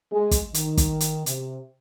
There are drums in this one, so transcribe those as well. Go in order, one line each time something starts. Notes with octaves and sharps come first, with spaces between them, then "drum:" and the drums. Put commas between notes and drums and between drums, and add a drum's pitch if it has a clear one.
G#3
drum: kick, hi-hat
D#3, drum: hi-hat
drum: kick, hi-hat
drum: hi-hat
C3, drum: hi-hat